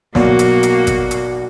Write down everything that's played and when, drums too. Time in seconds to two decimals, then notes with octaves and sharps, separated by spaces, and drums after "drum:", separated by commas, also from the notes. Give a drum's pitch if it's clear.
0.15 B1 B2 A#3 F#4 D5, drum: snare
0.39 drum: hi-hat
0.63 drum: hi-hat
0.87 drum: kick G#1, hi-hat
1.11 drum: hi-hat